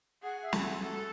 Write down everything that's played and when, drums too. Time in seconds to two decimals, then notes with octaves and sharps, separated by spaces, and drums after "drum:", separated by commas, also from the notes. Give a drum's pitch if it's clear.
0.23 G#4 F#5
0.43 E5
0.53 F#4 A4, drum: snare
0.62 G#4
0.82 F#4 A4